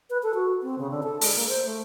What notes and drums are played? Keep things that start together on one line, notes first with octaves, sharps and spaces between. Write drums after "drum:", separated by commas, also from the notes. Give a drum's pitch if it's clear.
B4
A4
F#4
C4
C#3
D3
A4
G#3, drum: open hi-hat
A#3
C5
A3